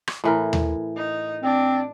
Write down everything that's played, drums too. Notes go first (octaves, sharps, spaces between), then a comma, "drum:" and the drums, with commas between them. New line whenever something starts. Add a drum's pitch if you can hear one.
drum: rim click
A2 E3 A#4
drum: tom D#2
D#4
C4 D4